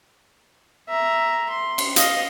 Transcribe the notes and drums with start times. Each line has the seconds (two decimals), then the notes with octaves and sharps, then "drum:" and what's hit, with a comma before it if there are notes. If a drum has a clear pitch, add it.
0.89 E5 A#5
1.50 C6
1.78 drum: cymbal
1.96 D#5 F5, drum: hi-hat